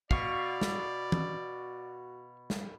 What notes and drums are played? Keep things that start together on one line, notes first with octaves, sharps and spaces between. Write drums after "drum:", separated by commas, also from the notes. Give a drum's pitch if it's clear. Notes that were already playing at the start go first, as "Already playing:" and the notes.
B2 F#4 D5 F5 C#6, drum: kick
drum: snare
drum: tom E3
drum: snare